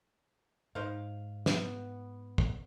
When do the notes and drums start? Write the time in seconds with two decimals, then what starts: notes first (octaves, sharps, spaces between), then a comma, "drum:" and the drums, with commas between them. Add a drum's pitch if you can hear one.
0.75 G#2 D#4 C5 F5
1.46 B3, drum: snare
2.38 drum: kick